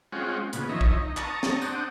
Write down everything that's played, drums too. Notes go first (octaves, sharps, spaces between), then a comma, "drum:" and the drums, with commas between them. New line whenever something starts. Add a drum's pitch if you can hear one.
G#3 C4 C#4 F4 F#5 G5
A#2 C#3 B3, drum: hi-hat
D#3 F3 C#5 D#5 E5
drum: kick
D#4
A5 A#5 C#6 D#6, drum: clap
drum: snare
C4 D4 F#5 G5 D#6, drum: tambourine